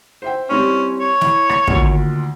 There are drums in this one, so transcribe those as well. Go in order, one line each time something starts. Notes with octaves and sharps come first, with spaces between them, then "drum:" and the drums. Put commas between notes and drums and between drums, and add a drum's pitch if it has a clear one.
C5 E5 G5
G3 C4 C#4 E4
C#5
E4, drum: snare
drum: rim click
D2 A#2 D#3, drum: kick